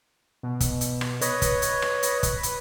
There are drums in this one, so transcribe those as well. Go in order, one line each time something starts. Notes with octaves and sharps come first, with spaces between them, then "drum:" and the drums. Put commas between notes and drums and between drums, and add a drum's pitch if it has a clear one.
B2
drum: kick, hi-hat
drum: hi-hat
drum: rim click
B4 C#5 D#5, drum: hi-hat
drum: kick, hi-hat
drum: hi-hat
drum: rim click
drum: hi-hat
drum: kick, hi-hat
drum: hi-hat